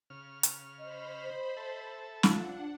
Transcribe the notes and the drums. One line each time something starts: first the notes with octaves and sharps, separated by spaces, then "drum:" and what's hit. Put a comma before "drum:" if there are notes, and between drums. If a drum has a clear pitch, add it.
C#3 F6
drum: hi-hat
C5 D#5 B5
A4 E5
D4 F4 F#5, drum: snare